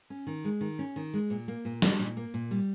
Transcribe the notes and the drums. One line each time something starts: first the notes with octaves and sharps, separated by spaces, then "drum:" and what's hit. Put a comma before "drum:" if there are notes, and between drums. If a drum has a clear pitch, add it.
C#4
D#3
G#3
D#3
C#4
D#3
G#3
A#2
A#3
A#2
G3, drum: snare
A#2
A#3
A#2
G3